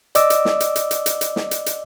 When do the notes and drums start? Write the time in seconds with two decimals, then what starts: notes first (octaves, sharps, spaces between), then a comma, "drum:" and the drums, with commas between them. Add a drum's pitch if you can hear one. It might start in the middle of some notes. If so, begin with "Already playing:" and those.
0.15 D5 D#5 D6 E6, drum: hi-hat
0.30 drum: hi-hat
0.45 drum: snare
0.60 drum: hi-hat
0.76 drum: hi-hat
0.91 drum: hi-hat
1.06 drum: hi-hat
1.21 drum: hi-hat
1.36 drum: snare
1.51 drum: hi-hat
1.66 drum: hi-hat